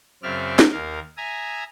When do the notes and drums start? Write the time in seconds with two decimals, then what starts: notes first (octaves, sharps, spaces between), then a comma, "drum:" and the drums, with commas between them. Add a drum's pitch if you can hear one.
0.23 F#2 C#3 C4 D5 E5 F6
0.59 drum: snare
0.72 D#2 A#4 F5
1.17 E5 G#5 A#5 D#6